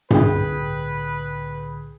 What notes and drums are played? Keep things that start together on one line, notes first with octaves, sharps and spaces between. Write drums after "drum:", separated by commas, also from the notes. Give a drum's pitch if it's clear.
C2 A2 D3 G#4 B4 G5, drum: tom G2